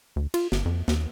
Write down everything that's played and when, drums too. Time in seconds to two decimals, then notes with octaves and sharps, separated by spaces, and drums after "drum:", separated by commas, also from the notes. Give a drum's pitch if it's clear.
0.16 D2
0.34 F4, drum: cymbal
0.52 G1, drum: snare
0.65 F2
0.88 D#2, drum: snare